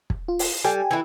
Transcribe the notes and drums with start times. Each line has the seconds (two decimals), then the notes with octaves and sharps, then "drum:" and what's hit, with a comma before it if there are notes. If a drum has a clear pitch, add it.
0.10 drum: kick
0.28 F4
0.39 drum: open hi-hat
0.64 G3 G4 A4 G#5
0.91 E3 E4